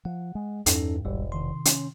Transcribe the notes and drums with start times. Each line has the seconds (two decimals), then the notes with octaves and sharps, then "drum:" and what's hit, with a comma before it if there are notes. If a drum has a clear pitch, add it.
0.05 F3 F#5
0.35 G#3
0.66 E2 G2 C#4 D#4 A4, drum: hi-hat
1.05 E1 A1 G#2 G3
1.32 C3 D#3 C6
1.65 C#4, drum: hi-hat